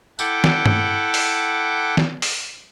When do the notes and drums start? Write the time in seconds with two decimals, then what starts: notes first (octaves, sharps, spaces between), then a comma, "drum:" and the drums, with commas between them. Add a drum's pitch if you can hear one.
0.19 E4 A4 F#5 G5 D6, drum: tambourine
0.44 drum: snare
0.66 drum: tom G2
1.14 drum: open hi-hat
1.97 drum: snare
2.22 drum: open hi-hat